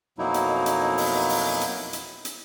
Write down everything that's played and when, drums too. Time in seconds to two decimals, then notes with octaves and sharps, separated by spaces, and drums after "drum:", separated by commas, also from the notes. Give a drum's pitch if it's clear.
0.18 F2 B2 F#3 A#3 D#4 E4
0.34 drum: hi-hat
0.66 drum: hi-hat
0.98 drum: open hi-hat
1.29 drum: open hi-hat
1.61 drum: hi-hat
1.93 drum: hi-hat
2.25 drum: hi-hat